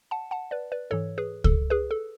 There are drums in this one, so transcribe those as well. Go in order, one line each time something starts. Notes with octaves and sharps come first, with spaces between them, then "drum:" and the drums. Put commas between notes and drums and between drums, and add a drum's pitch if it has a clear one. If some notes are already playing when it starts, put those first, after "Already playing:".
F#5 A5
F#5 A5
B4 D5
B4 D5
G#2 E3 A4 C#5
G#4 B4
A4, drum: kick C#2
G#4 B4
A4